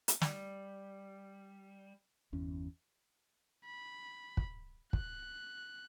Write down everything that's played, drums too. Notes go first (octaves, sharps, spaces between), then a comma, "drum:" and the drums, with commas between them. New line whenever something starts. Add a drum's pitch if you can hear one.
drum: hi-hat
G3, drum: snare
G1 E2 C#4
B5
drum: kick
F#6, drum: kick